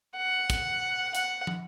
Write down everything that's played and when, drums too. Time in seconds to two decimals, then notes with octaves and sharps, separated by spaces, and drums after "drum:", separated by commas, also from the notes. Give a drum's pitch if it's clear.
0.17 F#5
0.50 drum: kick, hi-hat
1.15 F#5, drum: hi-hat
1.47 drum: tom